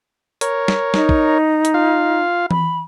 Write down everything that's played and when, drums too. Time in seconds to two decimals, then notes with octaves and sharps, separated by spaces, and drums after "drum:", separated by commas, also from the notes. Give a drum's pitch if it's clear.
0.41 A#4 C#5, drum: hi-hat
0.68 drum: snare
0.94 D#4, drum: snare
1.09 drum: kick
1.65 drum: hi-hat
1.74 F4 F5
2.51 B5, drum: tom E3